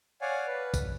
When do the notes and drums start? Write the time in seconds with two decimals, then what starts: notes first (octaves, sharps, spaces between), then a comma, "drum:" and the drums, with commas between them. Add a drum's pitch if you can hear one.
0.21 C#5 D5 F5 F#5 G#5
0.47 B4
0.74 drum: kick, tambourine